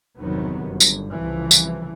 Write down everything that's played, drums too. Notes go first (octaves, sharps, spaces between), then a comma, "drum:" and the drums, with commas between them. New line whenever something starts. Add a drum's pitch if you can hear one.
G1 E2 C3 D#3 F#3 B3
G1 F#2
drum: tambourine
C2 C#3 E3 F3
drum: tambourine